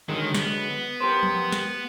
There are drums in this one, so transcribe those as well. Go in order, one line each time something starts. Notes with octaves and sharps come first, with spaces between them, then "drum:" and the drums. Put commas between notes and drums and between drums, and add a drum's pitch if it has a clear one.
D3 D#3 F#3 G#3
B3, drum: snare
G4 A#4 C5
drum: tom F3
drum: snare